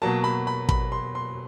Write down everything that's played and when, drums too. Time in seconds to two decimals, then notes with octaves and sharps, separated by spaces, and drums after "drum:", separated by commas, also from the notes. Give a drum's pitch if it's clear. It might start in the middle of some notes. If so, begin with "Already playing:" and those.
0.02 B2 F#3 A#3 A5
0.24 B5
0.47 B5
0.69 B5, drum: kick
0.92 C6
1.15 C6